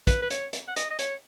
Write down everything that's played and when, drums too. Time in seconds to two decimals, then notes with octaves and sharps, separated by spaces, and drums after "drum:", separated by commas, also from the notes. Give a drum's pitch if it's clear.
0.07 B4, drum: kick, hi-hat
0.22 B4
0.30 C#5, drum: hi-hat
0.53 drum: hi-hat
0.68 F#5
0.76 D#5, drum: hi-hat
0.90 D#5
0.99 C#5, drum: hi-hat